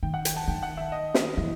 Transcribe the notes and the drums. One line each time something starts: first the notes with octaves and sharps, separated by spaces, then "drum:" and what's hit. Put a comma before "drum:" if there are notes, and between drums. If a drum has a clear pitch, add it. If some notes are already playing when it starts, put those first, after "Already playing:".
D#3 G5
F#5
G5, drum: hi-hat
A5
D#3 G5
F#5
E5
D#5
drum: snare
E3